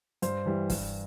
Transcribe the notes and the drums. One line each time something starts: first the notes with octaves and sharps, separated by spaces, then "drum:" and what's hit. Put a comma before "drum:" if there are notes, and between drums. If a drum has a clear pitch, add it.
G2 C5, drum: hi-hat
E3 G3
G2, drum: kick, open hi-hat